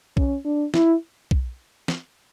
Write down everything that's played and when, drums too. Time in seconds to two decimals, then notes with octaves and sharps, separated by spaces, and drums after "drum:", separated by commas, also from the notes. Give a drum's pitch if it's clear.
0.17 C#4, drum: kick
0.45 D4
0.74 E4, drum: snare
1.31 drum: kick
1.88 drum: snare